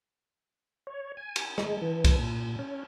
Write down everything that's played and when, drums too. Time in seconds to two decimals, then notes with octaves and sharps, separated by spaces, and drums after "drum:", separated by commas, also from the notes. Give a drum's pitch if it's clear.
0.87 C#5
1.17 G#5
1.36 drum: cymbal
1.58 G#3, drum: rim click
1.82 E3
2.04 drum: kick C2, cymbal
2.19 A#2
2.59 C#4